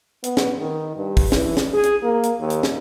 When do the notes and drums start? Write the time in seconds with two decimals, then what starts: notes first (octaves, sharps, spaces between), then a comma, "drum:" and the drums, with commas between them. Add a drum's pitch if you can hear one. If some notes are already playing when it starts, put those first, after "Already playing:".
0.24 B3, drum: hi-hat
0.37 drum: snare
0.58 D#3
0.96 G2
1.17 drum: kick, open hi-hat
1.32 E3, drum: snare
1.57 drum: snare
1.74 G#4
1.83 drum: hi-hat
2.04 A#3
2.23 drum: hi-hat
2.40 D#2
2.50 drum: hi-hat
2.63 drum: snare